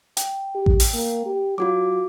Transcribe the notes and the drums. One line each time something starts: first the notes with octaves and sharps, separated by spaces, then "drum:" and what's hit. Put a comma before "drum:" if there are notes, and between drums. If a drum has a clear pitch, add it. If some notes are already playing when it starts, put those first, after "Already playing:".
G5, drum: hi-hat
G4
drum: kick A1
drum: open hi-hat
A#3
G4
F#3 F4 F#4 D6